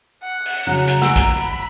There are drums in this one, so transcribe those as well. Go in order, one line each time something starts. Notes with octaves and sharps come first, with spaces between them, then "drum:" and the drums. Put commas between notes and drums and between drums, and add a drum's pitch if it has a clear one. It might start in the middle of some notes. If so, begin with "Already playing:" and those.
F#5
drum: open hi-hat
F2 C#3 F#3 A#5 F#6
drum: hi-hat
F#5 G#5 E6 D7, drum: snare
drum: kick, hi-hat
B5